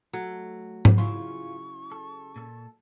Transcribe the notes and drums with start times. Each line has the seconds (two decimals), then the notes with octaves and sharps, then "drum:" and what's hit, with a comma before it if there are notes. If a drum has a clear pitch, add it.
0.13 F#3 A3
0.85 drum: tom
0.98 C#3 E4 F4 F5 C6 C#6
1.92 A4
2.36 A#2 A4